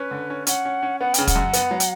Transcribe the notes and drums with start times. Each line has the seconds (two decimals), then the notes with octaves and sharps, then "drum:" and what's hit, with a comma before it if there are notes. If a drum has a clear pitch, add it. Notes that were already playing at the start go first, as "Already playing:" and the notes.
Already playing: C#4 B4
0.11 D3
0.30 C#4
0.47 C#4 F#5, drum: hi-hat
0.65 C#4
0.83 C#4
1.00 B3 F#5
1.14 C#3 G5, drum: hi-hat
1.27 F#5, drum: kick, hi-hat
1.36 F#2
1.53 B3, drum: hi-hat
1.71 F#3
1.80 drum: hi-hat